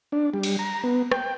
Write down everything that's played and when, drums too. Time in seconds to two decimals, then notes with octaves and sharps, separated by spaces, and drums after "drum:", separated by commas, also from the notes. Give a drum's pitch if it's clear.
0.12 D4
0.34 G3
0.43 drum: cymbal
0.59 A#5
0.84 B3
1.12 G5, drum: rim click